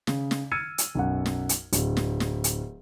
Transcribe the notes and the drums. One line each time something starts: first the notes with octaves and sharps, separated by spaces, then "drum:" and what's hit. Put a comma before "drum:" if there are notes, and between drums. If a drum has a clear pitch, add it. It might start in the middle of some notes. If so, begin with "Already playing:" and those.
C#3, drum: snare
drum: snare
E6 F6 G#6 A6 C#7 D#7
drum: hi-hat
B1 F#2 F#5
drum: snare
drum: hi-hat
D1, drum: hi-hat
drum: snare
drum: snare
drum: hi-hat